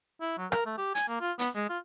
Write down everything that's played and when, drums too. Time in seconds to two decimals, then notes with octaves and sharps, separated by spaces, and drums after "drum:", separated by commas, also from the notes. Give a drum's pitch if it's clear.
0.21 E4
0.38 F#3
0.52 A#4, drum: rim click
0.66 A3
0.78 G4
0.95 G#5, drum: hi-hat
1.09 A#3
1.21 F4
1.39 B3, drum: hi-hat
1.55 G#3
1.70 F4